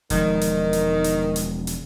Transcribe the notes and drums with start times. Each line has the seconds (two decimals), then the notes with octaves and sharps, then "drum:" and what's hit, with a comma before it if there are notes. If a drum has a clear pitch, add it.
0.10 E1 D#3 F3 G#3, drum: hi-hat
0.41 drum: hi-hat
0.73 drum: hi-hat
1.04 drum: hi-hat
1.36 drum: hi-hat
1.67 drum: hi-hat